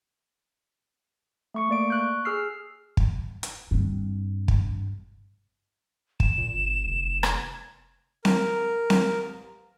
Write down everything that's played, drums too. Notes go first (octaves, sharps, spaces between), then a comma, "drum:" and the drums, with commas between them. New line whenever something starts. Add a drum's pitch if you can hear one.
A3 C#6 C#7
A#3 D5 D7
C#6 F#6 G6
G#4 E6 F6 C7
drum: kick
drum: hi-hat
G2 C4
drum: kick
E7, drum: kick
A#2
G1
F1
G#6, drum: rim click
A#4, drum: snare C4
drum: snare C4